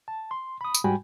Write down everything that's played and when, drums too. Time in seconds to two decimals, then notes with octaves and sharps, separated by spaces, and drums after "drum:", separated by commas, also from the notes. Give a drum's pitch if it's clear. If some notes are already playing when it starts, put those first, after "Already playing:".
0.08 A5
0.31 C6
0.61 B5 D#6
0.74 drum: tambourine
0.84 G#2 G3 F#4 G5 G#5 B5